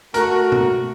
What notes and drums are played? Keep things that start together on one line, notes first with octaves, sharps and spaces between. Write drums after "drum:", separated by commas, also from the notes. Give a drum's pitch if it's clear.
A3 F#4 A#4, drum: hi-hat
drum: tom